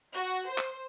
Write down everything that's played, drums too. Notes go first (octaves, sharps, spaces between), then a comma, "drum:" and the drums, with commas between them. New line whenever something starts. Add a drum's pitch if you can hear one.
F#4
C5
drum: clap